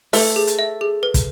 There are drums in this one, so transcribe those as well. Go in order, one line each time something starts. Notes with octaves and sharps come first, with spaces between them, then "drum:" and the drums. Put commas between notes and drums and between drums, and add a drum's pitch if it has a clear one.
A3 A4 B4, drum: open hi-hat
G#4
drum: hi-hat
E5
G#4
B4
drum: kick, hi-hat